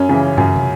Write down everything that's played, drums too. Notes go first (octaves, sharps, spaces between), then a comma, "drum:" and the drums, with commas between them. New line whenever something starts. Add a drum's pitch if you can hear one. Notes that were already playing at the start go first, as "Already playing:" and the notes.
Already playing: F#2 C#4
C#3 E3
F#2, drum: tom
drum: tom